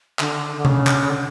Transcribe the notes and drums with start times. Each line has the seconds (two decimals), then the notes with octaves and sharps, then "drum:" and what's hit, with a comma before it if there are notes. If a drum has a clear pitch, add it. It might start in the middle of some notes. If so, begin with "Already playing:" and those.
0.19 D3, drum: clap
0.56 D3
0.65 C#3, drum: tom C3
0.87 drum: clap
1.10 D3